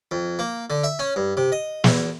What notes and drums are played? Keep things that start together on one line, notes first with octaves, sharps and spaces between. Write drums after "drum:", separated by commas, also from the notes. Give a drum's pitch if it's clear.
F2
A#3
D3
E5
C#4
G2
C3
D#5
E2, drum: snare